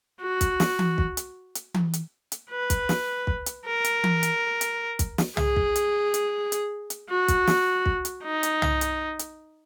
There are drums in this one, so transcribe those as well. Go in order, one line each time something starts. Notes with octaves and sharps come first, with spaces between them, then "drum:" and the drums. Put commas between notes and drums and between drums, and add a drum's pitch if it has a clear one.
F#4
drum: kick, hi-hat
drum: snare
drum: tom E3
drum: kick
drum: hi-hat
drum: hi-hat
drum: tom E3
drum: hi-hat
drum: hi-hat
B4
drum: kick, hi-hat
drum: snare
drum: kick
drum: hi-hat
A#4
drum: hi-hat
drum: tom E3
drum: hi-hat
drum: hi-hat
drum: kick, hi-hat
drum: snare
G#4, drum: tom
drum: kick
drum: hi-hat
drum: hi-hat
drum: hi-hat
drum: hi-hat
F#4
drum: kick, hi-hat
drum: snare
drum: kick
drum: hi-hat
D#4
drum: hi-hat
drum: tom
drum: hi-hat
drum: hi-hat